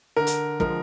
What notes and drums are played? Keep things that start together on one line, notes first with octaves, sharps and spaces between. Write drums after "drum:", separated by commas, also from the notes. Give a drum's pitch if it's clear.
D3 A#4
drum: hi-hat
F3 G#3 A#4, drum: kick